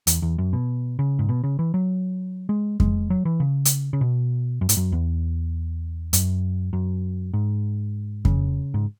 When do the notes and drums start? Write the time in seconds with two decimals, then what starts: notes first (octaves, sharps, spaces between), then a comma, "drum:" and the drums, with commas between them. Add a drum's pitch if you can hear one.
0.07 E2, drum: hi-hat
0.22 E2
0.38 F#2
0.53 B2
0.99 C#3
1.19 G#2
1.29 B2
1.44 C#3
1.59 E3
1.74 F#3
2.49 G#3
2.80 G#3, drum: kick F2
3.10 F#3
3.25 E3
3.40 C#3
3.65 drum: hi-hat
3.93 C#3
4.01 B2
4.61 F#2
4.69 G#2, drum: hi-hat
4.77 F#2
4.92 E2
6.13 F#2, drum: hi-hat
6.73 F#2
7.34 G#2
8.25 C#3, drum: kick F2
8.74 G#2